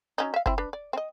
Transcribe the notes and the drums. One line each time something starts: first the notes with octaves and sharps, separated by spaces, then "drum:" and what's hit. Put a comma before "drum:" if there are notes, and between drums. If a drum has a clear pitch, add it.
F#3 C#4 D#4
E5 F5
C4 E4, drum: kick F#1
D4 B4
D5
C4 D#5